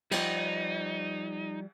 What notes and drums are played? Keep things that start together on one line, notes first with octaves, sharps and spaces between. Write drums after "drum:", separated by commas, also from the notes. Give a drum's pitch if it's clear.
F3 G3 D#4, drum: cymbal